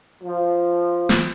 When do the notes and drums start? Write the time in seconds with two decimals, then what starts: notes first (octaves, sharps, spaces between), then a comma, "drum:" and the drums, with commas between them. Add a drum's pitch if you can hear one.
0.23 F3
1.09 drum: snare